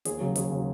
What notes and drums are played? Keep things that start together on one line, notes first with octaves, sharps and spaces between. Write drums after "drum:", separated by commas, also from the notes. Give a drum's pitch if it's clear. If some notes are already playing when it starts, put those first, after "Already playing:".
D#2 G#4, drum: hi-hat
C#3 F#3
D#2 G#4, drum: hi-hat
C#3 F#3